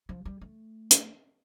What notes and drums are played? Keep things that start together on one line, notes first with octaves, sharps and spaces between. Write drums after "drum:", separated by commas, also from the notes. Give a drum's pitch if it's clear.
F3
G3
A3
drum: hi-hat